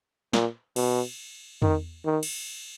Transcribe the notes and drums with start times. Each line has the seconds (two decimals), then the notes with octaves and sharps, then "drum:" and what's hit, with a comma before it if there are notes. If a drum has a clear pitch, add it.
0.33 A#2, drum: snare
0.76 B2, drum: cymbal
1.62 D#3, drum: tom
2.06 D#3
2.23 drum: cymbal